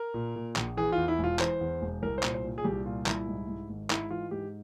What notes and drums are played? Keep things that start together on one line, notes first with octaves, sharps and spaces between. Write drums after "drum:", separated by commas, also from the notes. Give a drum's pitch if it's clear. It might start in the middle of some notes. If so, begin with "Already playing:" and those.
Already playing: A#4
A#2
A#2
A#1, drum: clap
E3 G#4
F4
E2
E4
E1 F4
E3 C5, drum: clap
E2
E1
C2 A#4
C5
A#2, drum: clap
C5
A#2
G#4
C2 G4
A#2 F4
C2 E4, drum: clap
G#2
G#2
G#1
G#2 E4, drum: clap
E3 F4
G#2 G4